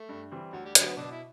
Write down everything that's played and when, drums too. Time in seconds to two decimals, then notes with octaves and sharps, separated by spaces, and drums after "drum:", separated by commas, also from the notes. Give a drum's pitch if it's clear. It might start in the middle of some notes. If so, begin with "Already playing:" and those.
Already playing: A3
0.09 G2
0.31 E3 G3 C4
0.53 D2 F#3
0.65 G3
0.75 D3 F#3 G3, drum: hi-hat
0.86 B3
0.97 B2 D4
1.11 E4